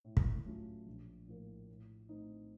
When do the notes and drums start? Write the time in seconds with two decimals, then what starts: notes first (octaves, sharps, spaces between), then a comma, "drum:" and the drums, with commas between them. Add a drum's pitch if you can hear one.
0.04 A2
0.17 drum: kick
0.46 F#3 A3 C#4 F4
0.86 A#1
1.27 A2 F3 A#3
1.69 A2
2.09 A3 C4 D#4